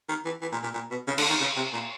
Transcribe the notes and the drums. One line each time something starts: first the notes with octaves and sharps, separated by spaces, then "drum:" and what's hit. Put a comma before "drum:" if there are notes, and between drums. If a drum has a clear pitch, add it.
D#3
E3
E3
A#2
A#2
A#2
B2
C#3
D3, drum: cymbal
D#3
C#3
C3
A#2